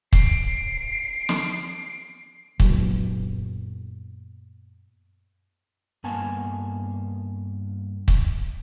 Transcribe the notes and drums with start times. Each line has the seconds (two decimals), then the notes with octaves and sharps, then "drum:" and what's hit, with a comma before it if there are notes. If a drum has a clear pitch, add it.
0.13 C7 D7, drum: kick
1.29 drum: snare
2.60 F#2 A#2 F#3 B3, drum: kick
6.04 G2 A#3 B3 G#5 A5
8.08 drum: kick